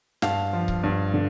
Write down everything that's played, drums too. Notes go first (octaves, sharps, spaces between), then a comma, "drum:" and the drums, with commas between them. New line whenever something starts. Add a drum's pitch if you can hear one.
G2 F5 A5, drum: snare
F3
drum: kick C#1
G2
D3